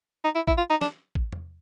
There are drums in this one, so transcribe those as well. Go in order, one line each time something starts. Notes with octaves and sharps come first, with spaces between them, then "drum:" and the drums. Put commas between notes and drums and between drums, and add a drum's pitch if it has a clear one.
D#4
E4
E4, drum: kick
F4
D#4
D4, drum: snare
drum: kick
drum: tom E2